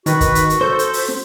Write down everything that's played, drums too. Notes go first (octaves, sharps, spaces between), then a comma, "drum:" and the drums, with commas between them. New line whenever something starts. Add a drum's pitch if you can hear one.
D#3 F#4 B4, drum: hi-hat
drum: kick, hi-hat
drum: hi-hat
drum: hi-hat
A4 C5 G6
drum: hi-hat
drum: open hi-hat
drum: snare